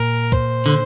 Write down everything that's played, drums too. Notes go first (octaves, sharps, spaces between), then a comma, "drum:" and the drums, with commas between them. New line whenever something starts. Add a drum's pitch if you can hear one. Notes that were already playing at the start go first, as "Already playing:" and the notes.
Already playing: A#2 A#4
C5, drum: kick
D3